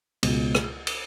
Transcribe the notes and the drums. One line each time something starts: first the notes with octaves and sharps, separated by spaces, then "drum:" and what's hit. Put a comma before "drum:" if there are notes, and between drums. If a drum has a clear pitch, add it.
C#2 B2, drum: cymbal
drum: rim click
drum: cymbal